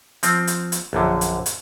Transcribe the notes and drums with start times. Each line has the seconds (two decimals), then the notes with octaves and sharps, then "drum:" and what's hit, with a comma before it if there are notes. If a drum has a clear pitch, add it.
0.23 F3 C4, drum: hi-hat
0.47 drum: hi-hat
0.72 drum: hi-hat
0.93 A#1 F#2 D3
1.21 drum: hi-hat
1.46 drum: hi-hat